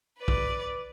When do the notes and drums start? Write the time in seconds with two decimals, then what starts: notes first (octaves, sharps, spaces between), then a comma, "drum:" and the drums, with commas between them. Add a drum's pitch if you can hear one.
0.18 B4 D5
0.28 drum: kick